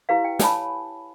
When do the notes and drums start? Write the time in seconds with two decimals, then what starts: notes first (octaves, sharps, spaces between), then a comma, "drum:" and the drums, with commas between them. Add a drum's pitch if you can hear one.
0.09 E4 G4 B4 F5
0.24 G5
0.39 C#5 G#5 A5 B5, drum: snare